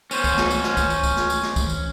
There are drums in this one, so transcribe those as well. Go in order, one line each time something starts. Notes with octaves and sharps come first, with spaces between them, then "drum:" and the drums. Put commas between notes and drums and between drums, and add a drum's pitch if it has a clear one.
C#4 C5, drum: tambourine
drum: kick, tambourine
drum: snare
drum: tambourine
drum: snare
drum: kick, tambourine
drum: tambourine
drum: kick, tambourine
drum: snare
drum: tambourine
drum: snare
drum: kick, tambourine
drum: tambourine